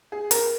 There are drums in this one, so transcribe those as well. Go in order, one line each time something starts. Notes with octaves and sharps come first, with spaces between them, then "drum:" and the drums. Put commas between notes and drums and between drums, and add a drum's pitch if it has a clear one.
G#4
A#4, drum: hi-hat